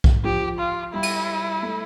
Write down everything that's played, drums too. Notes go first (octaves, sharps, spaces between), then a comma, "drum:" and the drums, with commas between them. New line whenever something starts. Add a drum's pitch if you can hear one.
drum: kick B1
F3 G4
F4
G3 E4
drum: cymbal
A3